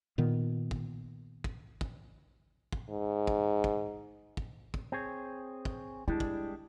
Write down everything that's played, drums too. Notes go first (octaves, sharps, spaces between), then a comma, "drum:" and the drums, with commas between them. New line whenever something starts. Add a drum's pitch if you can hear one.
A#2 D#3 B3
drum: kick
drum: kick
drum: kick
drum: kick
G#2
drum: kick
drum: kick
drum: kick
drum: kick
C4 G#4 C#5
drum: kick
G3 G#3 D4 E4
drum: kick